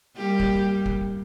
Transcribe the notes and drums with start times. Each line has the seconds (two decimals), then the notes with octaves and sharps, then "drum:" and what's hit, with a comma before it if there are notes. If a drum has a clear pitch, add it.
0.17 G3 A#3 G4
0.40 drum: kick
0.86 drum: kick